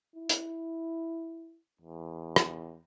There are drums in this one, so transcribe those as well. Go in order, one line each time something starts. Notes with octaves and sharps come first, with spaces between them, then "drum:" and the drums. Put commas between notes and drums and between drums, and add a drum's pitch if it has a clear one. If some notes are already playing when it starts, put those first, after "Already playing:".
E4
drum: hi-hat
E2
drum: rim click